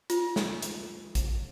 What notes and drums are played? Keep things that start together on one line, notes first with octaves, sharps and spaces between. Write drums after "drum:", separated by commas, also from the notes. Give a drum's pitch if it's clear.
F4, drum: hi-hat
drum: snare
drum: hi-hat
drum: kick A1, hi-hat